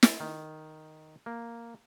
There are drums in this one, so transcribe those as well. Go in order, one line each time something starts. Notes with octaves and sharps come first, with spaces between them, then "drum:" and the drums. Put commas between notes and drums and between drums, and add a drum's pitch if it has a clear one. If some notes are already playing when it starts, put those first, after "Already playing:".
drum: snare
D#3
A#3